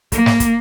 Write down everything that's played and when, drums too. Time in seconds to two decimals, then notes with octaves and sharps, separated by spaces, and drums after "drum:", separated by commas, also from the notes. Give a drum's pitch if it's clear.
0.12 A#3, drum: kick, hi-hat
0.26 drum: snare
0.40 drum: kick, hi-hat